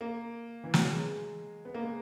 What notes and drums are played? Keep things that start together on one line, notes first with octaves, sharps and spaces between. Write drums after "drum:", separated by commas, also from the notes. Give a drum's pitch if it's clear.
A#3
E3
F#3, drum: snare
G#3
B3
A#3
G#3